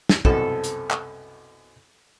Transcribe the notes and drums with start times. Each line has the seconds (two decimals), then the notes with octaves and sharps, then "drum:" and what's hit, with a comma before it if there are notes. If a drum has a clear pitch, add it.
0.09 drum: snare
0.25 C2 F#2 B2 A4, drum: kick
0.64 drum: hi-hat
0.91 drum: clap